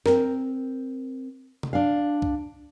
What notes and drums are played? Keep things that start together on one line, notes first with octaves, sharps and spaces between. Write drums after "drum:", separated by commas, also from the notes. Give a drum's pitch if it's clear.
C4 A#4, drum: snare
drum: tom C3
D4 F5
drum: kick C2